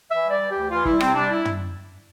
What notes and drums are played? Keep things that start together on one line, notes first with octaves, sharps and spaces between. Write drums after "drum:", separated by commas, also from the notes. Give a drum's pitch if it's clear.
E3 E5
G3 D5
E3
D2 G4
E3 F4
G3 E4, drum: kick
C3 C4, drum: rim click
G3 D4
E4
drum: tom